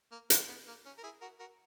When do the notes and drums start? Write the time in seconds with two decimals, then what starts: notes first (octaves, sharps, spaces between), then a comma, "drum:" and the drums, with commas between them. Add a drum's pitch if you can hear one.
0.12 A#3
0.30 A#3, drum: hi-hat
0.48 B3
0.67 A#3
0.86 C#4
0.98 A#4
1.03 E4 G#4
1.21 F#4 A#4
1.39 F#4 A#4